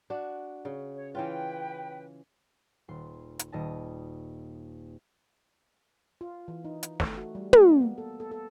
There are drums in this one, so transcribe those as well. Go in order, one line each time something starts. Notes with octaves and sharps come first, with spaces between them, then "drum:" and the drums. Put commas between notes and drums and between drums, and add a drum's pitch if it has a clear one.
D4 F#4
C#3
C#5
E3 C#4 F4 B4 G5
D#1 C6
drum: hi-hat
D#1 D#5 A5
F4
E3
D#4
drum: hi-hat
A3, drum: snare
F#4
G3
A#3, drum: tom
B3
A4
A4
A4